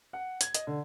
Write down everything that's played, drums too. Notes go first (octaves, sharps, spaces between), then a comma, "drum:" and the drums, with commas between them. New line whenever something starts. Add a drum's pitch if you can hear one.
F#5
G#6, drum: hi-hat
D#5, drum: hi-hat
D3